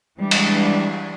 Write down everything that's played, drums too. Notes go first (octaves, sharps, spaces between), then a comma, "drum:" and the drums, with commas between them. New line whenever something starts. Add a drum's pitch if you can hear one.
E3 G3 G#3 D4
drum: cymbal